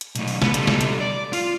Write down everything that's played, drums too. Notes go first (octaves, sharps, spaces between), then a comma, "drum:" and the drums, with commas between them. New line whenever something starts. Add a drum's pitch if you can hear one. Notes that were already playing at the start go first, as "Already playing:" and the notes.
drum: hi-hat
B1 A3, drum: hi-hat
drum: open hi-hat
B3, drum: snare
G3 A4, drum: hi-hat
drum: snare
drum: hi-hat
D5
F4, drum: open hi-hat